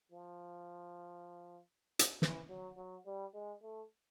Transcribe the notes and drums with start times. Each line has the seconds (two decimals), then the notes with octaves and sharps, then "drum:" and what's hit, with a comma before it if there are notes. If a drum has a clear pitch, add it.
0.12 F3
1.99 drum: hi-hat
2.22 E3, drum: snare
2.50 F#3
2.77 F#3
3.06 G3
3.34 G#3
3.62 A3